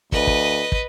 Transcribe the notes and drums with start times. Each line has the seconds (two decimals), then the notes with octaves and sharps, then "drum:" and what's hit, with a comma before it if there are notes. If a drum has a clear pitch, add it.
0.12 D2 B4 D#5, drum: kick
0.27 drum: kick
0.72 drum: kick